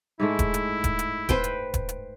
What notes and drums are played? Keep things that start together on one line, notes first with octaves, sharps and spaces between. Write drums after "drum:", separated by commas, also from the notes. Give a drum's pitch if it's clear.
G#2 G#3 A3 E4
drum: kick D#1, hi-hat
drum: hi-hat
drum: kick D#1, hi-hat
drum: hi-hat
B4 C5 G5, drum: kick D#1, hi-hat
drum: hi-hat
drum: kick D#1, hi-hat
drum: hi-hat